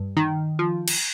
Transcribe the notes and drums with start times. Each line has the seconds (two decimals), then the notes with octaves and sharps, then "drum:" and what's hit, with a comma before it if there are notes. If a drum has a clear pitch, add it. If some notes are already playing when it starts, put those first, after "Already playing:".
Already playing: G2
0.17 D#3
0.59 F3
0.88 drum: cymbal